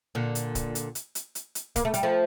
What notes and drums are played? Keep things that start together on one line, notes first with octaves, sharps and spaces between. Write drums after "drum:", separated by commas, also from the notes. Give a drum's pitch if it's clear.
A#2 D3
drum: hi-hat
drum: kick, hi-hat
drum: hi-hat
drum: hi-hat
drum: hi-hat
drum: hi-hat
drum: hi-hat
A#3, drum: kick, hi-hat
A3
G3, drum: hi-hat
F3 A3